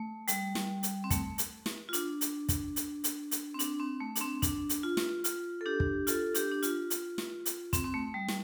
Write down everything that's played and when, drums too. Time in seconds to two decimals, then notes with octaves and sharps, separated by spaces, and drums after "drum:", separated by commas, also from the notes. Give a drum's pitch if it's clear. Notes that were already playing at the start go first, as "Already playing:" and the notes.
Already playing: A3
0.28 G3, drum: hi-hat
0.55 drum: snare
0.83 drum: hi-hat
1.04 C4
1.10 A3, drum: kick, hi-hat
1.38 drum: hi-hat
1.66 drum: snare
1.89 F4
1.93 D4, drum: hi-hat
2.21 drum: hi-hat
2.49 drum: kick, hi-hat
2.76 drum: hi-hat
3.04 drum: hi-hat
3.31 drum: hi-hat
3.54 C4
3.59 D4, drum: hi-hat
3.80 C4
4.00 A3
4.16 D4, drum: hi-hat
4.21 C4
4.42 D4, drum: kick, hi-hat
4.69 drum: hi-hat
4.84 F4
4.97 drum: snare
5.24 F4, drum: hi-hat
5.61 A4
5.66 D4 G4
5.80 drum: kick
6.07 F4 A4, drum: hi-hat
6.35 D4 G4, drum: hi-hat
6.52 D4
6.63 F4, drum: hi-hat
6.90 drum: hi-hat
7.18 drum: snare
7.46 drum: hi-hat
7.73 C4, drum: kick, hi-hat
7.84 C4
7.94 A3
8.14 G3
8.28 drum: snare